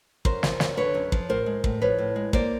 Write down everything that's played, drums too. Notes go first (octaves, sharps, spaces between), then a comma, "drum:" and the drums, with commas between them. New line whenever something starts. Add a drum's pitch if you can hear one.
F#2 A#4 C5, drum: kick
F3, drum: snare
F#2, drum: snare
D3 B4 C#5
F#2
F3, drum: kick
A2 A#4 C5
G#3
A2, drum: kick
F3 B4 C#5
A2
G#3
A#3 C5 D5, drum: kick